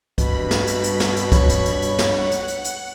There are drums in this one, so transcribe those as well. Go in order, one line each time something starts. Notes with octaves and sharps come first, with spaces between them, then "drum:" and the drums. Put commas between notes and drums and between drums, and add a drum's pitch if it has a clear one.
G2 B2 B5, drum: kick, hi-hat
drum: snare
drum: hi-hat
drum: hi-hat
drum: snare
drum: hi-hat
C#5, drum: kick, hi-hat
drum: hi-hat
drum: hi-hat
drum: hi-hat
drum: snare
F#5
drum: hi-hat
drum: hi-hat
drum: hi-hat